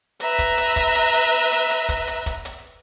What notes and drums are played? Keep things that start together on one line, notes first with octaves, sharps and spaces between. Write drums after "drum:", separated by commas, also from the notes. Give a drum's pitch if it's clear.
B4 E5 A#5, drum: hi-hat
drum: kick, hi-hat
drum: hi-hat
drum: kick, hi-hat
drum: hi-hat
drum: hi-hat
drum: hi-hat
drum: hi-hat
drum: kick, hi-hat
drum: hi-hat
drum: kick, hi-hat
drum: hi-hat